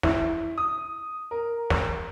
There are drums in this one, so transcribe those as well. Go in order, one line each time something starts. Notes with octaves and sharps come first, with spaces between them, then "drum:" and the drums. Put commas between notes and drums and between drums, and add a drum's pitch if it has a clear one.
E4, drum: snare
D#6
A#4
drum: snare